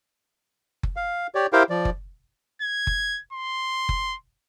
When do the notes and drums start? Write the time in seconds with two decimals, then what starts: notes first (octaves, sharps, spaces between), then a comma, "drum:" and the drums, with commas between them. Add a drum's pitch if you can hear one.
0.83 drum: kick F#1
0.96 F5
1.35 G4 C#5 D5
1.53 E4 G4 A#4 C5 F5 G5
1.70 F3 D5
1.85 drum: kick F#1
2.62 G#6
2.87 drum: kick F#1
3.33 C6
3.89 drum: kick F#1